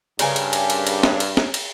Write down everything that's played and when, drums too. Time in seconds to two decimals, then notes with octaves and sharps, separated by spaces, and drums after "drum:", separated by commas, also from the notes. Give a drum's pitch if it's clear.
0.19 G2 C#3 A#4 G#5, drum: cymbal
0.36 drum: cymbal
0.53 drum: cymbal
0.70 drum: cymbal
0.87 drum: cymbal
1.03 drum: snare
1.20 drum: cymbal
1.37 drum: snare
1.54 drum: cymbal